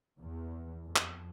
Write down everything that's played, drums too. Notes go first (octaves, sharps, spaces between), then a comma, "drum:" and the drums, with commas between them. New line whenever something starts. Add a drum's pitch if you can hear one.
E2
F2
drum: clap